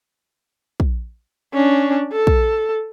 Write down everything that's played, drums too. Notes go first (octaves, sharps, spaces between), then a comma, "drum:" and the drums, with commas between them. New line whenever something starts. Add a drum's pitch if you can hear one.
drum: kick
C#4 D4
A4
drum: kick